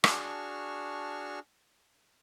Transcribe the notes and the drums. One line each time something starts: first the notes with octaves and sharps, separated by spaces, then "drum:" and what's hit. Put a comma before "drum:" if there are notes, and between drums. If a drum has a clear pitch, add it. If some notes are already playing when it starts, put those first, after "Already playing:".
D4 F#4 G#4 A5 C#6 F6, drum: rim click